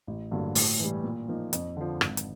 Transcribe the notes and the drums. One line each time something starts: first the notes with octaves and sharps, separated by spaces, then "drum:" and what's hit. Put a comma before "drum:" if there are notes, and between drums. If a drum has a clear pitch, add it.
A1
G2 D3 F#3 A#3
A2, drum: open hi-hat
E3 G3
A#2
F3 A#3 D#4
F2, drum: hi-hat
D3 F3
G#1, drum: rim click
drum: hi-hat